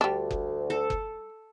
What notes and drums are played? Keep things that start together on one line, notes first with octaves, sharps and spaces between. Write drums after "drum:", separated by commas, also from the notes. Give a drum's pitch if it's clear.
D2 G3 D4
drum: kick F#1
A4
drum: kick F#1